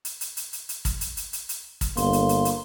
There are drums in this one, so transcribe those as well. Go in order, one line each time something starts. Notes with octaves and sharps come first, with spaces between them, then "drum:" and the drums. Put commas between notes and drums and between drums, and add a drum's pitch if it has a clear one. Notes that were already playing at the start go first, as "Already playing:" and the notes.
drum: hi-hat
drum: hi-hat
drum: hi-hat
drum: hi-hat
drum: hi-hat
drum: kick, hi-hat
drum: hi-hat
drum: hi-hat
drum: hi-hat
drum: hi-hat
drum: kick, hi-hat
G1 A#3 C6, drum: hi-hat
drum: hi-hat
drum: hi-hat
drum: hi-hat